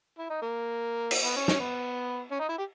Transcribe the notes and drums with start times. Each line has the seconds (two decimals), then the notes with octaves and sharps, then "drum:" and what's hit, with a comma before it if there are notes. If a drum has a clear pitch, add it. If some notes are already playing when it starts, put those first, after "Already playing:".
0.19 E4
0.30 D#4
0.42 A#3
1.11 drum: cymbal
1.25 B3
1.37 C#4
1.48 C#4, drum: snare
1.60 B3
2.31 C#4
2.40 D#4
2.49 E4
2.58 G4